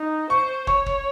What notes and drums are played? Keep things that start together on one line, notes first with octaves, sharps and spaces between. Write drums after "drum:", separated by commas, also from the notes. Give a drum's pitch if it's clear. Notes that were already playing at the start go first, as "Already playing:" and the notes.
Already playing: D#4
C5 C#6
C#5 C#6, drum: kick
drum: kick